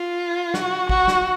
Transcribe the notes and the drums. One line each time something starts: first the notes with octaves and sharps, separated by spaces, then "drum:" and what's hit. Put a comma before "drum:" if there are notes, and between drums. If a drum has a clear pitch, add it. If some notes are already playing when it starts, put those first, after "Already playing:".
Already playing: F4
F#4, drum: snare
F#4, drum: kick
drum: snare